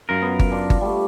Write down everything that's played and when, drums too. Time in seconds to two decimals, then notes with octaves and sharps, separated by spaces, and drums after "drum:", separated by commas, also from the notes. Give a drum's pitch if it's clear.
0.09 F#2 F4 A#4
0.22 B3
0.39 drum: kick G1
0.51 D4 F4 D5
0.70 drum: kick G1
0.81 G3 A3